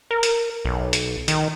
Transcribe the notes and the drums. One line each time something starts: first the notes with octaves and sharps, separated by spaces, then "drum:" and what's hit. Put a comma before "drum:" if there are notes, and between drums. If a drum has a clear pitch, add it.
A#4
drum: hi-hat
B1
drum: hi-hat
D#3, drum: hi-hat